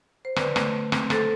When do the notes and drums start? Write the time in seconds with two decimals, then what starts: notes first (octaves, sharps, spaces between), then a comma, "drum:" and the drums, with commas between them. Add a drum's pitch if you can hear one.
0.25 C5
0.36 D3 B4 D5, drum: rim click
0.56 A3, drum: rim click
0.74 D3
0.92 C4, drum: rim click
1.10 A3 A4 C5, drum: rim click